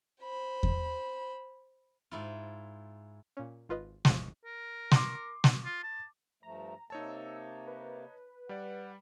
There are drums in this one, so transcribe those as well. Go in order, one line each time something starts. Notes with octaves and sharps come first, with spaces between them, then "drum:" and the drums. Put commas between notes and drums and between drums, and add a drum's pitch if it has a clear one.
C5 B5
drum: kick E2
G#2 E4 F4
A#2 C#4
G#1 F4 B4 D#5
G1 D#2 A2 F3 G#3, drum: snare
A#4
C6 D6, drum: snare
drum: snare
F4
A5
G2 F3 A3 A#5
C3 A#3 D#4 C#5 A5 E6
B4
G3 D5 F#5